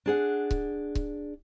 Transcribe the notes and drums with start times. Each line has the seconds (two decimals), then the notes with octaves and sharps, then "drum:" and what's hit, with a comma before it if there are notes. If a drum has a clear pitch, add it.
0.06 D4 G#4 F#5
0.51 drum: kick C#1
0.95 drum: kick C#1